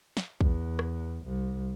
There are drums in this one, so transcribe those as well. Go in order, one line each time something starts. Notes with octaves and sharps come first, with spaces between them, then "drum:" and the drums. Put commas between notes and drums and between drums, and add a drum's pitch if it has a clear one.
drum: snare
E2, drum: kick
drum: rim click
C2